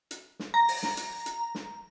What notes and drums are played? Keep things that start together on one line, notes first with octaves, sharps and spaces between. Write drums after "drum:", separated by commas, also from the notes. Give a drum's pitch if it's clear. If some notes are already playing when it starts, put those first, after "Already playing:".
drum: hi-hat
drum: snare
A#5
drum: open hi-hat
drum: snare
drum: hi-hat
drum: hi-hat
drum: snare